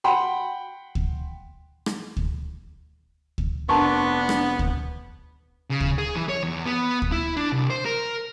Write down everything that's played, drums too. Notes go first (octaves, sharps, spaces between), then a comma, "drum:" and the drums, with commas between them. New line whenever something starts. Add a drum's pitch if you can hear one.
F#5 G5 B5 C6
drum: kick
drum: rim click
drum: kick
drum: kick
F1 B3 D4 A#4 A5 C6 C#6
drum: rim click
drum: kick
C#3
drum: kick
G#4
E3
C#5
E2
B3
drum: kick
E4
D4
C2
C5
A#4